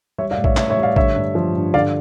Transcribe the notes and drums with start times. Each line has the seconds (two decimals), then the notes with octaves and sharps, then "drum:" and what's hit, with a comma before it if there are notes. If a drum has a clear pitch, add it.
0.18 G3 C#5 E5
0.31 D5 F5
0.37 A2
0.44 C#5 E5, drum: kick
0.57 A2 C#5 E5, drum: clap
0.70 C#5 E5
0.77 G3
0.83 D5 F5
0.96 D3 C#5 E5, drum: kick
1.16 G2
1.35 F3
1.55 G2
1.74 D3 D5 F5